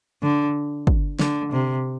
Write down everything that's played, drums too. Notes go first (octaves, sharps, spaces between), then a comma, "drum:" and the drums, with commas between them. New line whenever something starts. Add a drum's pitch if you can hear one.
D3
drum: kick
D3, drum: snare
C3